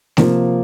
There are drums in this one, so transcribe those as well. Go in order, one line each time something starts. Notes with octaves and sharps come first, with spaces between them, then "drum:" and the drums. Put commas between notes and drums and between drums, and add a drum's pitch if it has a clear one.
C3 F3 A#3, drum: snare A3